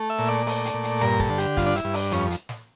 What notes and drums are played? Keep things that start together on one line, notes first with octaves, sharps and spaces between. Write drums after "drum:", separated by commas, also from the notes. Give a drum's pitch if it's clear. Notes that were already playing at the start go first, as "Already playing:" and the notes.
Already playing: A3
E5
A#2
D5
A3, drum: open hi-hat
drum: hi-hat
A#2
drum: hi-hat
G2 A#4, drum: snare
A4, drum: kick
D3
G4, drum: hi-hat
G2 F4, drum: kick, hi-hat
D4
E4, drum: hi-hat
G2
D4, drum: open hi-hat
F2 C#4, drum: hi-hat
drum: hi-hat
drum: snare